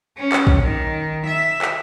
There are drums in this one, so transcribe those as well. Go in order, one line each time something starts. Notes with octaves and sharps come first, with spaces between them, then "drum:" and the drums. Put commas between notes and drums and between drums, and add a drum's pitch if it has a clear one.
C#4
drum: clap
drum: kick
D#3
E5
drum: clap